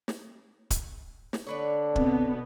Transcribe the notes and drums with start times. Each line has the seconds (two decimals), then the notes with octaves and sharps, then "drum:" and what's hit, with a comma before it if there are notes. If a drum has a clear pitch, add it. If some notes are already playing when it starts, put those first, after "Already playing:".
0.08 drum: snare
0.70 drum: kick, hi-hat
1.33 drum: snare
1.47 D3 D4 B4 C#5
1.96 B2 B3 C4, drum: kick